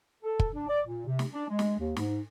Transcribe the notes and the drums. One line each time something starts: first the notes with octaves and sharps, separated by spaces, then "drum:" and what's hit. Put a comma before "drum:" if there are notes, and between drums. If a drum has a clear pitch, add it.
A4
drum: kick
D4
D5
A#2
C3
drum: snare
D4
G#3
drum: snare
D#2
G#2, drum: snare